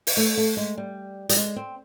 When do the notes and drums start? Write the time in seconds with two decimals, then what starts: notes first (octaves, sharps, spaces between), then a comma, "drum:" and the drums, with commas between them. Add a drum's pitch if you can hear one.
0.07 drum: open hi-hat
0.17 A3
0.37 A3
0.57 G#3
0.77 G3
1.29 G3, drum: hi-hat
1.36 G#3
1.56 C4